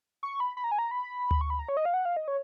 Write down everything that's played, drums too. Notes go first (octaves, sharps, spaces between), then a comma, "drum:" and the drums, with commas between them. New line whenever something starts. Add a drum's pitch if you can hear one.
C#6
B5
B5
A#5
G#5
A#5
B5
drum: tom D2
C#6
B5
A#5
C#5
D#5
F5
F#5
F5
D#5
C#5